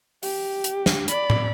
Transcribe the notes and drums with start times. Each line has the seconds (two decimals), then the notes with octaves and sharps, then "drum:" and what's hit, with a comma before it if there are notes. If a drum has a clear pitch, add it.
0.23 G4, drum: open hi-hat
0.64 drum: hi-hat
0.86 drum: snare
1.08 D5 B5, drum: hi-hat
1.30 drum: tom A2